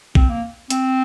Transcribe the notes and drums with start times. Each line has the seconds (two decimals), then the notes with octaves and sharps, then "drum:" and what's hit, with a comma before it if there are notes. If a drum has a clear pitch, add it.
0.15 C4, drum: kick A#1
0.29 A#3
0.70 C4, drum: hi-hat